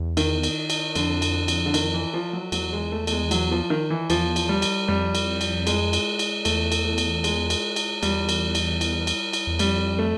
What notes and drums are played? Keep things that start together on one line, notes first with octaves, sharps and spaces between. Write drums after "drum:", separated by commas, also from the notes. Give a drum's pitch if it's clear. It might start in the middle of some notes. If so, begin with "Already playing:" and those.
Already playing: E2
D#3, drum: cymbal
drum: cymbal
drum: cymbal
F2 D3, drum: cymbal
drum: cymbal
drum: cymbal
D3
D#3, drum: cymbal
E3
F3
F#3
E2 F#3, drum: cymbal
G#3
A3
A3, drum: cymbal
G#3
F#3, drum: cymbal
F3
D#3
E3
E2 F3, drum: cymbal
drum: cymbal
G3
drum: cymbal
F2 G3
drum: cymbal
drum: cymbal
G#3, drum: cymbal
drum: cymbal
drum: cymbal
E2 A3, drum: cymbal
drum: cymbal
A3
drum: cymbal
G#3, drum: cymbal
drum: cymbal
drum: cymbal
E2 G3, drum: cymbal
drum: cymbal
drum: cymbal
drum: cymbal
drum: cymbal
drum: cymbal
E2
F2 G3, drum: cymbal
A3